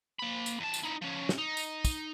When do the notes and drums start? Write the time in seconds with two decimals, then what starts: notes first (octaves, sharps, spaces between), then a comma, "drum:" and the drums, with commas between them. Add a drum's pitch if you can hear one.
0.19 A#3 B5
0.46 drum: tambourine
0.60 E2 A5
0.74 drum: tambourine
0.83 D#4 E4
1.01 F3 C#4
1.29 drum: snare
1.38 D#4
1.57 drum: tambourine
1.85 drum: kick, tambourine